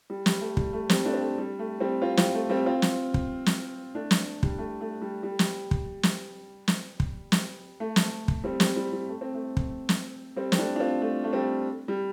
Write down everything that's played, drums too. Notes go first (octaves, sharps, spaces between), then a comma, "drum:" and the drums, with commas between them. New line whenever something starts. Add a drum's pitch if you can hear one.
G3
G3, drum: snare
A3
G3, drum: kick
A3
G3 C4, drum: snare
A3 D4
C4
A3
G3
A3
G3 C4
C4 F4
C4 F4, drum: snare
A3
G3 C4
C4 F4
drum: snare
drum: kick
drum: snare
A3 D4
drum: snare
G3, drum: kick
A3
A3
G3
G3
drum: snare
drum: kick
drum: snare
drum: snare
drum: kick
drum: snare
A3
drum: snare
drum: kick
G3 C4
G3 C4, drum: snare
G3
G3
A3
C4
A3
drum: kick
drum: snare
G3 C4
C4, drum: snare
A3 D4
D4
C4 F4
A3
A3
G3 C4
G3